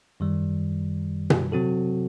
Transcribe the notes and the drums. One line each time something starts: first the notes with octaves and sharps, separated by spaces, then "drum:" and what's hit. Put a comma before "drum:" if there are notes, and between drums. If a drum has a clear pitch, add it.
F#2 D#3 G3
drum: tom B2
C3 F#3 C4 F#4 A4